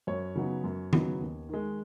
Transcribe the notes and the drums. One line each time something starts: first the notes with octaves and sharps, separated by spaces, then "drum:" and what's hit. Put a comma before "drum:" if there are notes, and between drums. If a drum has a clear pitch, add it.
F#2 C#5
C#3 F#3 B3 D#4
F#2
C#3 F#3 B3 D#4, drum: tom D#3
D#2
D#3 G#3